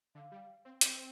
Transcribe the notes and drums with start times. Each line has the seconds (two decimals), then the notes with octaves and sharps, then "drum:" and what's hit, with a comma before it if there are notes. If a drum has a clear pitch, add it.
0.15 D3 F5
0.32 G3
0.65 C4
0.81 C4, drum: hi-hat